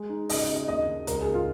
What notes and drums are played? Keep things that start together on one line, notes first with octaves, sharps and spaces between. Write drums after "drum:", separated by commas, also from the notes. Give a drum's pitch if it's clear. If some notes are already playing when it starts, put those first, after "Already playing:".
Already playing: G#3
D#4
C#3 D#5, drum: open hi-hat
D#5
C#3
D#5
D#2 D#5
D#2
C#2 A#4, drum: hi-hat
G#4
A#3
F4